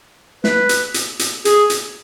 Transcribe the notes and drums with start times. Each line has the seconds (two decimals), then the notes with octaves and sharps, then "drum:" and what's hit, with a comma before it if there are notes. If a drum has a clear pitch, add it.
0.44 B4, drum: snare
0.69 drum: hi-hat
0.94 drum: hi-hat
1.19 drum: hi-hat
1.45 G#4, drum: hi-hat
1.70 drum: hi-hat